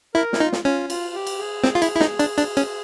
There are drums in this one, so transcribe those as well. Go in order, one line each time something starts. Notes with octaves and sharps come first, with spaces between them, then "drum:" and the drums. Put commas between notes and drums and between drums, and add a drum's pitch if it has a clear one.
E4 A#4
E4, drum: snare
D#4 F4
drum: snare
C#4 F4
F4, drum: cymbal
G4
drum: cymbal
G#4
C4, drum: snare
F4
E4, drum: cymbal
E4
D#4, drum: snare
D4, drum: cymbal
D4, drum: cymbal
C#4, drum: cymbal